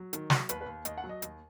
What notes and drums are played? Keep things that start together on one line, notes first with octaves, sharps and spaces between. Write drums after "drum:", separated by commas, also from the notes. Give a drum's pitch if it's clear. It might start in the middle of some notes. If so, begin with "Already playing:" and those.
Already playing: F#3
D#3, drum: hi-hat
F#3, drum: snare
D#2 B4, drum: hi-hat
B4
D#2
D#2 D#5, drum: hi-hat
F#5
F#3
D#5
D#2, drum: hi-hat